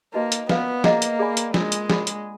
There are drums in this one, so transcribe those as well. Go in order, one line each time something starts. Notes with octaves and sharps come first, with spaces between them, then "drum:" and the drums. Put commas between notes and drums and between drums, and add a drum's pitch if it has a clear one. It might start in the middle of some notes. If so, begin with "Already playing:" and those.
A#3 D#4 F#4 B4 D#5
drum: hi-hat
B3 B4 D5 F5, drum: snare
A#3 G#4 D#5 F#5 A#5, drum: snare
drum: hi-hat
G#4 D5 G#5 B5
drum: hi-hat
G#3 D4 F4 A#4, drum: snare
drum: hi-hat
G#4 D5 F#5 B5, drum: snare
drum: hi-hat